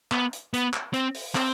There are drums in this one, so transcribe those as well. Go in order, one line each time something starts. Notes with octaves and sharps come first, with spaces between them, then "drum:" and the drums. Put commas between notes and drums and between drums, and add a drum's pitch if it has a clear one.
B3, drum: clap
drum: hi-hat
B3, drum: hi-hat
drum: clap
C4, drum: hi-hat
drum: open hi-hat
C4, drum: clap